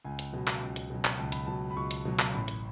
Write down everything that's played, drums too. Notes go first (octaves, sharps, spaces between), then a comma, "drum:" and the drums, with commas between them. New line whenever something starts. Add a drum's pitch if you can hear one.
C#2 G#5
drum: hi-hat
B2 F#3
drum: clap
C#2
drum: hi-hat
B2 F#3
drum: clap
C#2 A5
B5, drum: hi-hat
B2 F#3 A5
B5
C#2 C#6
drum: hi-hat
B2 F#3
drum: clap
A1 B5
drum: hi-hat